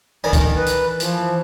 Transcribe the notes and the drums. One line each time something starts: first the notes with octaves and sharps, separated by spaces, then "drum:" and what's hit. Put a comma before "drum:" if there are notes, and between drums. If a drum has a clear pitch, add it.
D#3 A#4 D5 G#5
drum: kick, hi-hat
E3 B4
drum: hi-hat
E3 F3, drum: hi-hat